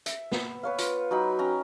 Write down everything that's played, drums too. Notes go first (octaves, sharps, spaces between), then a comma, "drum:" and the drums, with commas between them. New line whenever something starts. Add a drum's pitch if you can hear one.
E5, drum: hi-hat
B3, drum: snare
B4 C#5 F5
F4, drum: hi-hat
F#3 D#4 B5
C#4 G5 A#5